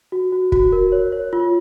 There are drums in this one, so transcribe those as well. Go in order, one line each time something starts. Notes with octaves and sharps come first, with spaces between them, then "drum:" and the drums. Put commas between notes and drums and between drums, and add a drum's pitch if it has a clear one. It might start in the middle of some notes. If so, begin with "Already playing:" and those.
F#4
F#4
F#4, drum: kick
A#4
C#5
C#5
F4